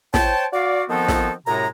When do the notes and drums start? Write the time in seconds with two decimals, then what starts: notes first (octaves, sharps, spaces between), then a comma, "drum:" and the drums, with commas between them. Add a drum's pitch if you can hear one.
0.14 C5 C#5 G5 A5, drum: snare
0.53 F#4 D5 F5
0.90 D#3 F3 B3 C4 F#4 A4
1.08 drum: snare
1.47 F#2 A2 C3 G#3 A#5